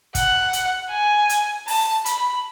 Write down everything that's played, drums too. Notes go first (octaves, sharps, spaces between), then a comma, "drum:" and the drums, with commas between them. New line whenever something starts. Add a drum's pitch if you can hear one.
F#5, drum: kick, hi-hat
drum: hi-hat
G#5
drum: hi-hat
A5, drum: open hi-hat
B5, drum: hi-hat